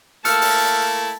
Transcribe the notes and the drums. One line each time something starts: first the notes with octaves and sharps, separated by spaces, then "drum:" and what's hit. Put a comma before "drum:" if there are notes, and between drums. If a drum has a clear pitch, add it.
A3 A#3 E4 A5 E6 F6 C#7, drum: hi-hat
drum: open hi-hat